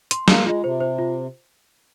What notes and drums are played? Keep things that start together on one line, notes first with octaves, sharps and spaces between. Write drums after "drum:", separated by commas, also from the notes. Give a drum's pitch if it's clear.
C6, drum: hi-hat
A#3 G#4, drum: snare
G#3 F4
C3 C5
C5
F4